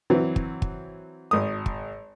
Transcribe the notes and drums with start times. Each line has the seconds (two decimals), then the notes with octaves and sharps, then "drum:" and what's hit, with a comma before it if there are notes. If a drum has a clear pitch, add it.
0.10 E3 F#3 C4
0.36 drum: kick
0.62 drum: kick
1.31 G#1 D#6
1.66 drum: kick